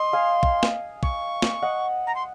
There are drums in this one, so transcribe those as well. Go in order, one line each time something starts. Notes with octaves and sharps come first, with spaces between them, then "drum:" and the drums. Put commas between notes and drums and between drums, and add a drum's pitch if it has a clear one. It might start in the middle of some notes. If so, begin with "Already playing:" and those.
Already playing: D#5 C6
F5 G#5
drum: kick
drum: snare
C#6, drum: kick
drum: snare
D#5 F#5
A#5
C6